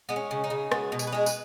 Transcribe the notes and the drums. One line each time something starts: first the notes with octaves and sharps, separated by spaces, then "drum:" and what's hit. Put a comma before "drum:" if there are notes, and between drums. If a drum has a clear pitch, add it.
G#3 B3
C#4
C#3
D#4
C#3
G#3 F#4, drum: rim click
B2
G#4, drum: tambourine
B4
G#3 G#4
B4, drum: tambourine